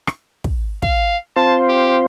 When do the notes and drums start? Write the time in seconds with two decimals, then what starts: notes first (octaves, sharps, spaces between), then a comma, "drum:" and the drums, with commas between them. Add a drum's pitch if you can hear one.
0.07 drum: rim click
0.44 drum: kick
0.82 F5, drum: kick
1.36 C4 F4 C5 A5
1.69 G4